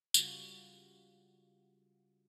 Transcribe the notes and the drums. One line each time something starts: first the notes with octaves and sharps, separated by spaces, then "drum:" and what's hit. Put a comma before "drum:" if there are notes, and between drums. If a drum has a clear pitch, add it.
C#3 G3 F4 F#4, drum: tambourine